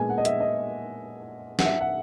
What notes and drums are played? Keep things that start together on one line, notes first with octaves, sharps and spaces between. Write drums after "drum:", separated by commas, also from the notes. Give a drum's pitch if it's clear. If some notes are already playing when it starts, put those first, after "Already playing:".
Already playing: A#2 G#3 B3 G#5
F#5
D#5
E5, drum: hi-hat
D#5
F#5, drum: snare
E5
F#5